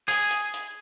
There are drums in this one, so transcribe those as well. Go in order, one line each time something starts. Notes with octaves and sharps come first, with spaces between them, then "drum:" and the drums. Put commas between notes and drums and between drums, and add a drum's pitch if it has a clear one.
G#4, drum: open hi-hat
drum: hi-hat
drum: hi-hat